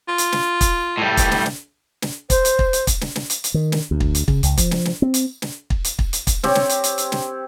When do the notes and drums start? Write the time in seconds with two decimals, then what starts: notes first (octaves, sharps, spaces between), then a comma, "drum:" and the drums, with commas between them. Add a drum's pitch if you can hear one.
0.08 F4
0.18 drum: hi-hat
0.32 drum: snare
0.61 drum: kick, hi-hat
0.97 A2 G3
1.17 drum: kick, hi-hat
1.31 drum: snare
1.46 drum: snare
2.02 drum: snare
2.30 C5, drum: kick, hi-hat
2.45 drum: hi-hat
2.59 drum: kick
2.73 drum: hi-hat
2.87 drum: kick, hi-hat
3.01 drum: snare
3.16 drum: snare
3.30 drum: hi-hat
3.44 drum: hi-hat
3.54 D#3
3.72 drum: snare
3.91 D2
4.00 drum: kick
4.15 drum: hi-hat
4.28 C#3, drum: kick
4.43 C#2, drum: hi-hat
4.58 F3, drum: kick, hi-hat
4.71 drum: snare
4.85 drum: snare
5.02 C4
5.14 drum: hi-hat
5.42 drum: snare
5.70 drum: kick
5.84 drum: hi-hat
5.99 drum: kick
6.13 drum: hi-hat
6.27 drum: kick, hi-hat
6.43 C4 G4 C#5, drum: snare
6.55 drum: snare
6.69 drum: hi-hat
6.84 drum: hi-hat
6.98 drum: hi-hat
7.12 drum: snare